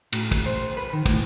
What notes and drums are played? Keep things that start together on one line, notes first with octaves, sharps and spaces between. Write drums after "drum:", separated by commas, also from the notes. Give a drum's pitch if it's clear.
A2, drum: cymbal
drum: kick, cymbal
C5
B4
D#3
A2, drum: kick, cymbal